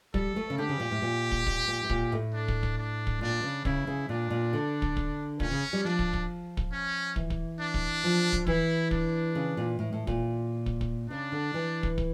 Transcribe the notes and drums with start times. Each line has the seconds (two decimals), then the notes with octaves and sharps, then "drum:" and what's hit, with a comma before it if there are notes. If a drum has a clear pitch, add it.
0.14 G3 A4, drum: kick
0.36 A3
0.50 C#3
0.58 D3 G4
0.69 C#3
0.80 A#2
0.91 A2
1.02 A#2
1.31 drum: kick
1.47 A#2, drum: kick
1.68 A#2
1.83 A2
1.90 A#2, drum: kick
2.12 A2
2.33 D4
2.48 drum: kick
2.63 drum: kick
2.78 D4
3.07 drum: kick
3.21 A#2 D4
3.43 C#3
3.65 C#3 E4, drum: kick
3.87 C#3
4.09 A#2 D4
4.30 A#2
4.53 D3
4.82 drum: kick
4.97 drum: kick
5.40 A#2 C#4, drum: kick
5.51 C#3
5.73 G3
5.84 F3 D4
5.99 drum: kick
6.13 drum: kick
6.57 drum: kick
6.72 C#4
7.16 E3, drum: kick
7.30 drum: kick
7.60 D4
7.74 drum: kick
8.04 F3
8.33 drum: kick
8.47 E3 E4, drum: kick
8.91 D4, drum: kick
9.35 C#3
9.57 A#2
9.79 A2
9.93 A2
10.07 A#2, drum: kick
10.66 drum: kick
10.81 drum: kick
11.09 C#3 D4
11.32 D3
11.54 E3
11.83 drum: kick
11.98 drum: kick